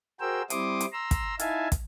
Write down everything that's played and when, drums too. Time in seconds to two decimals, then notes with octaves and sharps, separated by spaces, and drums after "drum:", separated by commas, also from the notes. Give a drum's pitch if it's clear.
0.20 F#4 G#4 A#4 C5 G5 E6
0.50 G3 C4 E4 C6 D6 D#6, drum: hi-hat
0.81 drum: hi-hat
0.93 A#5 C6 E6
1.11 drum: kick, hi-hat
1.39 D#4 E4 E5 F5 G#5 A5, drum: hi-hat
1.72 drum: kick, hi-hat